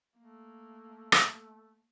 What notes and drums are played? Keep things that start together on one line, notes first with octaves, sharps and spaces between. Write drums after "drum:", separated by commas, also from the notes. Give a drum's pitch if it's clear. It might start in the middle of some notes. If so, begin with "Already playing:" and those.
A3 A#3
drum: rim click